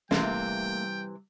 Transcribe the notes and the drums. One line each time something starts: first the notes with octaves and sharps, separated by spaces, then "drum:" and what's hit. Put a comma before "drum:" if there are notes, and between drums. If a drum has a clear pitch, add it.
C3 E3 G3 A3 A#3 G5, drum: snare